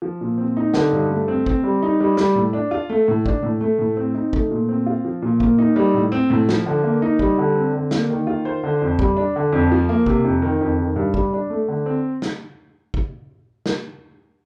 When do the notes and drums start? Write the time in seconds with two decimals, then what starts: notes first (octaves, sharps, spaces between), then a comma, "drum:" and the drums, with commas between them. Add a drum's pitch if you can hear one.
0.02 F3
0.21 A#2
0.38 C4
0.57 D#4
0.74 D3, drum: snare
0.93 G2
1.10 A3
1.28 C4
1.46 C4, drum: kick
1.64 G3
1.82 D#4
2.00 G3
2.17 G3, drum: snare
2.35 A2
2.53 D4
2.71 F4
2.89 A3
3.08 A2
3.26 D4, drum: kick
3.43 A2
3.61 A3
3.79 A2
3.97 C4
4.14 D#4
4.33 A3, drum: kick
4.51 A#2
4.69 C4
4.86 F4
5.05 F3
5.22 A#2
5.40 A#3, drum: kick
5.58 D#4
5.76 G3
5.94 A2
6.12 C4
6.30 A2
6.49 F3, drum: snare
6.66 D3
6.83 A#3
7.02 D#4
7.19 G3, drum: kick
7.38 D3
7.56 C4
7.73 D3
7.91 A#3, drum: snare
8.10 D#3
8.27 F4
8.45 C5
8.63 D3
8.82 F2
8.99 G3, drum: kick
9.17 D4
9.36 D3
9.53 F2
9.72 F3
9.89 A#3
10.06 C3, drum: kick
10.25 F2
10.42 D#3
10.61 F2
10.79 D#3
10.96 G2
11.14 G3, drum: kick
11.33 D4
11.50 A3
11.68 D3
11.86 C4
12.22 drum: snare
12.94 drum: kick
13.66 drum: snare